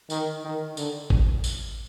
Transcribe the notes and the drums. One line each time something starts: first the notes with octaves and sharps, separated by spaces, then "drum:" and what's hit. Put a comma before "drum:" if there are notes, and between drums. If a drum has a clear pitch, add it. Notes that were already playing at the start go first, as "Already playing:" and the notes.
D#3, drum: tambourine
D#3
D3, drum: tambourine
drum: kick G#1
drum: tambourine